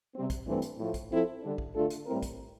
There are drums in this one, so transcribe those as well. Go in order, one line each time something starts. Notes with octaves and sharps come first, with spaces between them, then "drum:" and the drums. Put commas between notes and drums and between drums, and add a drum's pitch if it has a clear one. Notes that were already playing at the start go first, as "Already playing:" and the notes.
C3 G3 C4
drum: kick, hi-hat
G2 E3 A3 C4 E4
drum: hi-hat
A2 F3 A3
drum: kick, hi-hat
F3 C4 E4 A4
D3 G3 D4
drum: kick
D3 A3 D4 F4 A4
drum: hi-hat
A2 G3 C4 E4 A#4
drum: kick, hi-hat